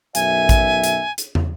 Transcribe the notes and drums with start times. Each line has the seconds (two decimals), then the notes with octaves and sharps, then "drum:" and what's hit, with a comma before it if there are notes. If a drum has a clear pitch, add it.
0.15 B1 F#2 E5 G#5, drum: hi-hat
0.49 drum: kick A1, hi-hat
0.84 drum: hi-hat
1.18 drum: hi-hat
1.35 drum: tom